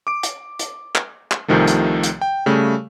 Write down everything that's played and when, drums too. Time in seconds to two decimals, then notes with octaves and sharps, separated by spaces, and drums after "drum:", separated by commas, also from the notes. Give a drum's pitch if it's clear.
0.07 D6 D7
0.23 drum: hi-hat
0.59 drum: hi-hat
0.95 drum: clap
1.31 drum: clap
1.48 C2 C3 D#3 F3 A3
1.67 drum: hi-hat
2.03 drum: hi-hat
2.21 G5
2.46 C#3 G3 A3